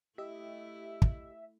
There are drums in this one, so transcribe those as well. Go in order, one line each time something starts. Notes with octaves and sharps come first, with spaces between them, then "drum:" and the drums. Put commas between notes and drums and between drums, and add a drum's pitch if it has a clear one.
A3 E4 G4 D#5 E5
drum: kick